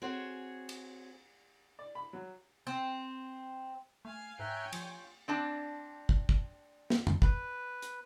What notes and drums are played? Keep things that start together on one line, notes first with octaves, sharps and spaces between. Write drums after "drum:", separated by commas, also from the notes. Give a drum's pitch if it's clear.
C4 F#4 G#4 C#5
drum: cymbal
D5
B5
F#3
C4
A3 F5 G#5
G#2 C#5 E5 G5 G#5 A#5 F#6
F3 F4, drum: cymbal
C4 D4 A5
drum: kick
drum: kick
drum: snare
drum: tom
B4, drum: kick
drum: hi-hat